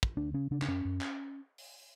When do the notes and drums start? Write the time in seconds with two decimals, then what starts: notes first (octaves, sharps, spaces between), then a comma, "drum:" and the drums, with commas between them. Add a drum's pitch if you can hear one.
0.03 drum: kick
0.17 D2 D4
0.34 C#3 C#4
0.51 C#3 D4
0.62 D4, drum: clap
0.68 F#2 C#4
0.85 F#2
1.01 drum: clap
1.58 drum: open hi-hat